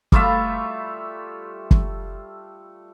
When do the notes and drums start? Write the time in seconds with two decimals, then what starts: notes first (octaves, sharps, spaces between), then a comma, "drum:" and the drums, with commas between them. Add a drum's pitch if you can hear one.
0.12 G3 A3 F4 E5, drum: kick
1.71 drum: kick